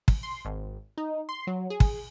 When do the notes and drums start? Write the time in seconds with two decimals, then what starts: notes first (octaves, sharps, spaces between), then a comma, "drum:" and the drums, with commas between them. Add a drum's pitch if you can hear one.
0.08 drum: kick
0.23 C6
0.45 G#1
0.98 D#4
1.29 C6
1.47 F#3
1.70 G#4
1.80 drum: kick